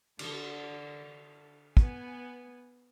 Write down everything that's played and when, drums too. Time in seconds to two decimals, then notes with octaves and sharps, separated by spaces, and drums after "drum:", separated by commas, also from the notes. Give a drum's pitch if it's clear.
0.19 D3, drum: cymbal
1.77 B3 G#5, drum: kick